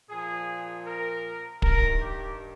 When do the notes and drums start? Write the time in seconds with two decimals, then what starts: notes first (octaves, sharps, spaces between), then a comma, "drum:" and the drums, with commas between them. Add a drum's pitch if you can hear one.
0.10 A#2 F3 G#4
0.87 A#4
1.62 G2 D#3 A#4, drum: kick
2.01 G4